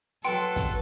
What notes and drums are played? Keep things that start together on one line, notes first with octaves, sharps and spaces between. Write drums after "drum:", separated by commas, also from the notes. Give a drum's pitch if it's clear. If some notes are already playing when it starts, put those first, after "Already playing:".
F#3 A4 B4 G5 C6 D7, drum: hi-hat
drum: kick, hi-hat